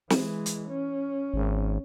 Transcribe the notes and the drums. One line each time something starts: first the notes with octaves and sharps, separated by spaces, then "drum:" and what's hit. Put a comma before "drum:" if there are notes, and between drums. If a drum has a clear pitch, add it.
E3 G#3, drum: snare
drum: hi-hat
C#4
G#1